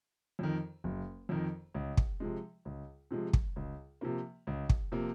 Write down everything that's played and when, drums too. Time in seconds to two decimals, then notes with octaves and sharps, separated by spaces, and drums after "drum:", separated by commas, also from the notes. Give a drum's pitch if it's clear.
0.39 F2 D#3
0.84 F#1
1.29 F2 D#3
1.74 C#2
1.97 drum: kick
2.20 C3 F3 G#3
2.65 C#2
3.11 C3 F3 G#3
3.33 drum: kick
3.56 C#2
4.01 C3 F3 A#3
4.47 C#2
4.69 drum: kick
4.92 C3 F3 A#3